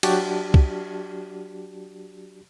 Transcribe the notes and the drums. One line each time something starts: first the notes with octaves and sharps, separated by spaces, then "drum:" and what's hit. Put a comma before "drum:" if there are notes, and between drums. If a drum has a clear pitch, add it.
F#3 D4 F#4 G4 D5 A5, drum: cymbal
drum: kick